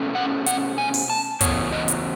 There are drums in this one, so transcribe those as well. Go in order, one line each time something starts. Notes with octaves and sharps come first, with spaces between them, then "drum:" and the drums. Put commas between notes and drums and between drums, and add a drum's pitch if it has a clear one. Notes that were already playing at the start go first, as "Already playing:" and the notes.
Already playing: B2 A3 C#4
F#5
F#5, drum: hi-hat
G#5
drum: open hi-hat
A5
C#3 E3 B3 C#5, drum: kick, hi-hat
D#5
drum: hi-hat